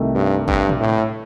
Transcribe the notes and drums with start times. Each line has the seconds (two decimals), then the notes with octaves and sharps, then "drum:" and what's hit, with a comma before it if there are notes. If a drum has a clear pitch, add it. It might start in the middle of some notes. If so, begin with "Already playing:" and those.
Already playing: C2 C3 D#3 A3
0.15 G2
0.48 G2, drum: kick G#1
0.69 drum: tom
0.80 A2